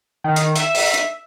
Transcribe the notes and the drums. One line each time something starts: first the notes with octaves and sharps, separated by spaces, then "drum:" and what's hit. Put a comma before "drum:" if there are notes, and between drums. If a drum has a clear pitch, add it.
D#3
drum: hi-hat
E5, drum: hi-hat
drum: open hi-hat
drum: hi-hat